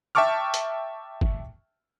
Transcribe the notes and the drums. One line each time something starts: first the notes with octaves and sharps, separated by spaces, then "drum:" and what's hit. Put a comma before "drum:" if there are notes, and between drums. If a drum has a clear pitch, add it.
E5 G5 A5 C#6 D6 F6
drum: hi-hat
drum: kick